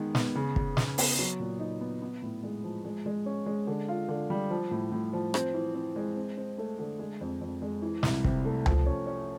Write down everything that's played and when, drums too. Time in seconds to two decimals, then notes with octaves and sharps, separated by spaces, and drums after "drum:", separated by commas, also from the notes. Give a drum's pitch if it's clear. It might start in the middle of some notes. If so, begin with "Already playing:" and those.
Already playing: D#3 G#3 B3
0.15 B3, drum: snare
0.35 C#3
0.56 C#3, drum: kick
0.77 C#3, drum: snare
0.98 B3, drum: open hi-hat
1.19 F#3
1.39 A#2
1.60 D#4
1.81 B3
2.02 B3
2.22 A2
2.43 G#3
2.64 F3
2.85 G#3
3.06 G#3
3.26 C#4
3.46 G#3
3.67 D3
3.88 F4
4.09 D3
4.30 G3
4.50 F3
4.71 A2
4.92 A2
5.13 F3
5.34 C4, drum: rim click
5.54 E3
5.75 C4
5.96 G#3
6.17 C4
6.37 C4
6.58 A3
6.79 D3
6.99 G#3
7.21 F2
7.41 F2
7.62 G#3
7.82 E3
8.03 C2, drum: snare
8.24 C3, drum: kick
8.45 A3
8.66 F3, drum: tom C#2
8.86 C#4
9.07 C#4